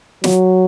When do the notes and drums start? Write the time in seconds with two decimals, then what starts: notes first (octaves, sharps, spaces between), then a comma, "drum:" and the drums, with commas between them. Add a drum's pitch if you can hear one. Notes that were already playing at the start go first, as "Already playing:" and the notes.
0.24 F#3, drum: snare